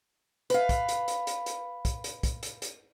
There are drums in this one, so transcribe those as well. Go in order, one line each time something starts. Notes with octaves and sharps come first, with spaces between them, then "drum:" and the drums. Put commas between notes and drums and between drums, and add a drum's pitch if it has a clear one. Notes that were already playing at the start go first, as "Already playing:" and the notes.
B4 F5, drum: hi-hat
drum: kick, hi-hat
drum: hi-hat
drum: hi-hat
drum: hi-hat
drum: hi-hat
drum: kick, hi-hat
drum: hi-hat
drum: kick, hi-hat
drum: hi-hat
drum: hi-hat